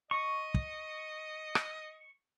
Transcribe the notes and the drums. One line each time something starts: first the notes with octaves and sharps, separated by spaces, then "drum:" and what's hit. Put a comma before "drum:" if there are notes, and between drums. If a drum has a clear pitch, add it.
D#5 C#6
drum: kick
drum: rim click